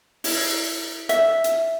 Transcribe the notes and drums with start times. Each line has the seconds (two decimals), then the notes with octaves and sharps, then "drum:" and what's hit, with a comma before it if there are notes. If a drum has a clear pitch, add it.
0.24 E4, drum: open hi-hat
1.09 E5, drum: hi-hat
1.44 drum: hi-hat